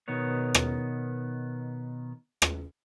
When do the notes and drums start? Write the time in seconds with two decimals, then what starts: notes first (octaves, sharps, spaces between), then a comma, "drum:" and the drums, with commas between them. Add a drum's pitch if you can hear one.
0.08 B2 D#3 B3 C#5
0.54 drum: rim click
2.42 drum: rim click